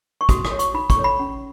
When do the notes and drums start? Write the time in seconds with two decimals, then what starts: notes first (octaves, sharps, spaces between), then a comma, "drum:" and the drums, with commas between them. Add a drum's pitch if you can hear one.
0.21 C#6
0.29 F#4 D#6, drum: kick, hi-hat
0.45 D#6, drum: rim click
0.51 C#5
0.59 C#6, drum: hi-hat
0.74 D#4 B5
0.90 C#6, drum: kick, hi-hat
0.97 A4 C#5
1.04 B5
1.19 C#4